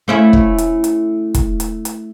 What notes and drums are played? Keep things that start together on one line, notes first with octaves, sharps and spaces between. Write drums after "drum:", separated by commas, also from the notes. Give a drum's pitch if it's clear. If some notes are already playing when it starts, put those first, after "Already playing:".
A3 C#4 E4
drum: kick
drum: hi-hat
drum: hi-hat
drum: kick, hi-hat
drum: hi-hat
drum: hi-hat